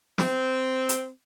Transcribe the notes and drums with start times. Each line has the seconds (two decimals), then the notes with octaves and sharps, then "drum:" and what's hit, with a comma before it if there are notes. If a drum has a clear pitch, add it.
0.18 C4, drum: snare
0.89 drum: hi-hat